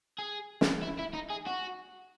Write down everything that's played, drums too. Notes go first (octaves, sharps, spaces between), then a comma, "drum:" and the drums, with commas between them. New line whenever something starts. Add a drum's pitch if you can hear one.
G#4
drum: snare
E4
E4
D#4
G#4
F#4